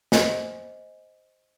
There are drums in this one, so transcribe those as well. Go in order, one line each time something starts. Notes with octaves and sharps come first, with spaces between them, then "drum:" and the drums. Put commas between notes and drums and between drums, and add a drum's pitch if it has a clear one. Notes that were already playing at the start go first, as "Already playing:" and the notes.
C5 D#5 G#5, drum: snare